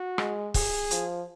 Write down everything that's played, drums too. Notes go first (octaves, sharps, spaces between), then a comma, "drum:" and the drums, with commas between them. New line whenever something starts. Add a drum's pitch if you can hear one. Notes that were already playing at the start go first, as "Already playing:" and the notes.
Already playing: F#4
G#3, drum: rim click
G#4, drum: kick, open hi-hat
F3, drum: hi-hat